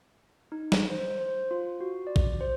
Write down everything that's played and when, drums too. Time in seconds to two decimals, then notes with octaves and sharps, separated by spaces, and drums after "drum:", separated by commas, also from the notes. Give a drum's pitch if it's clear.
0.52 D#4
0.72 drum: snare
0.90 C5
1.18 C5
1.51 F4
1.81 F#4
2.07 D5
2.16 drum: kick A1
2.41 C5